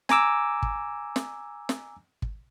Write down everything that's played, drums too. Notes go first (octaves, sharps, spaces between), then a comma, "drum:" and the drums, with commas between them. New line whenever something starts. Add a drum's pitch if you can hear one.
G#5 A#5 D6 E6, drum: snare
drum: kick
drum: snare
drum: snare
drum: kick